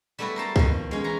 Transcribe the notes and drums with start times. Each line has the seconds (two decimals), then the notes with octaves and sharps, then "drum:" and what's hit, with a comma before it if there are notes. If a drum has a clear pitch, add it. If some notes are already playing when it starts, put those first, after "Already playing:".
0.19 G3 A3 B3 E4 F#4
0.36 A#4 C5 A5 A#5
0.56 B2 D#3 F3, drum: kick C2
0.91 G#3 C#4
1.04 E3 A#5